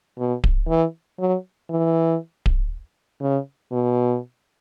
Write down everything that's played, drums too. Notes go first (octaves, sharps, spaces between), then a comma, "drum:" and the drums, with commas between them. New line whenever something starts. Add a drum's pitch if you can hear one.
B2
drum: kick D1
E3
F#3
E3
drum: kick D1
C#3
B2